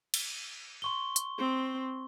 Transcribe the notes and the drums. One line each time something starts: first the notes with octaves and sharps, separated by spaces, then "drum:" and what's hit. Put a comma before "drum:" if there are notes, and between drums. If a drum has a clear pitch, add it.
drum: cymbal
C6 C#6 G7
drum: hi-hat
C4